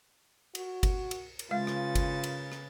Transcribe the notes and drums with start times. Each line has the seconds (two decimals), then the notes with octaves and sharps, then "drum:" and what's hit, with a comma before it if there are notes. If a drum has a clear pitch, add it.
0.55 F#4, drum: cymbal
0.83 drum: kick G1, cymbal
1.11 drum: cymbal
1.39 drum: cymbal
1.51 C#3 G#3 F4 B4 F5 A6
1.67 drum: rim click
1.95 drum: kick G1, cymbal
2.24 drum: cymbal
2.52 drum: rim click